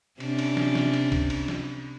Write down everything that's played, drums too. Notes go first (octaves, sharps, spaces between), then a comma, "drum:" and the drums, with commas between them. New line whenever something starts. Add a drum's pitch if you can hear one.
C3 C#4 D4, drum: cymbal
drum: cymbal
drum: snare
drum: snare
drum: cymbal
drum: kick C2, cymbal
drum: cymbal
drum: snare